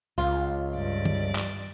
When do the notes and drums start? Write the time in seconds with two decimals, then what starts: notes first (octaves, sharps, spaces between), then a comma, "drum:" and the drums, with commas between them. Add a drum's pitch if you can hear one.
0.18 C#2 F4
0.75 G2 D5
1.05 drum: tom
1.35 drum: clap